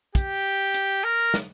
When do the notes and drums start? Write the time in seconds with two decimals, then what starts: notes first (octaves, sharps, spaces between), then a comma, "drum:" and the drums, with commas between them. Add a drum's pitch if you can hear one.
0.15 G4, drum: kick, hi-hat
0.74 drum: hi-hat
1.04 A#4
1.34 drum: snare